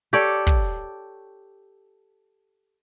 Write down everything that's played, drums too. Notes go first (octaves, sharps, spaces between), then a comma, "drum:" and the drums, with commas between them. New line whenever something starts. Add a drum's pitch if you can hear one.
G4 A4 C#5 D5
drum: kick